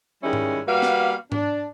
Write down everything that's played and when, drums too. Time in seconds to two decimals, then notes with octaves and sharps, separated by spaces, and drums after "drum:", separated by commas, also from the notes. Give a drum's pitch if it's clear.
0.24 D#3 G3 G#3 C#4 E4
0.33 drum: tom G#2
0.67 G3 A#3 F#4 B4 F5
0.82 drum: snare
1.32 D4, drum: tom G#2